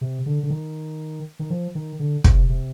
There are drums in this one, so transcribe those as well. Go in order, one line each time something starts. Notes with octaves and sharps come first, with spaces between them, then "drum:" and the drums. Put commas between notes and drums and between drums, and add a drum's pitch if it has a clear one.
C3
D3
D3
D#3
D#3
F3
D#3
D3
C3, drum: kick
C3